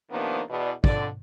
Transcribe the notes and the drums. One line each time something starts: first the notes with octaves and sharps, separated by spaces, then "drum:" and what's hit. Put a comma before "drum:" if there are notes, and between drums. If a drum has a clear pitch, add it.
C3 D#3 F3 A#3 B3 D4
E2 B2 D5
F2 D3 D5, drum: kick